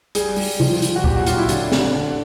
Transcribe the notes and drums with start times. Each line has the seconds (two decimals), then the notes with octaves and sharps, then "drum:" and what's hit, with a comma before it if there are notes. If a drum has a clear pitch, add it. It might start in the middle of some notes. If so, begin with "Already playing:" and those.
0.15 G3 G#4, drum: hi-hat
0.36 G3, drum: open hi-hat
0.60 F3, drum: tom C3
0.82 F3, drum: hi-hat
0.96 F#4
1.04 A#2 G4, drum: kick C#2
1.16 F#4
1.27 F#3 F4, drum: hi-hat
1.38 E4
1.49 D3 D4, drum: hi-hat
1.72 D3, drum: snare
1.94 D3